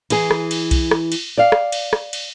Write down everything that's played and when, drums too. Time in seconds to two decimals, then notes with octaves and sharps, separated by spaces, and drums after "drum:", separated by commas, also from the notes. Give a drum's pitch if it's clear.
0.10 E3 G#4, drum: cymbal
0.31 drum: rim click
0.51 drum: cymbal
0.71 drum: kick B1, cymbal
0.91 drum: rim click
1.12 drum: cymbal
1.38 D5 F5
1.52 drum: rim click
1.72 drum: cymbal
1.93 drum: rim click
2.13 drum: cymbal